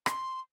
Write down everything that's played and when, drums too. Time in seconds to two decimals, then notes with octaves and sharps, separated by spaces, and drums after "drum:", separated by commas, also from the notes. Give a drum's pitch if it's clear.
0.06 C6, drum: rim click